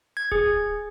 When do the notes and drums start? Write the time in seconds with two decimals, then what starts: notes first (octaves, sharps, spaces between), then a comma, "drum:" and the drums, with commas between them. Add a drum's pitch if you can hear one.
0.17 G#6
0.32 G#4, drum: kick D1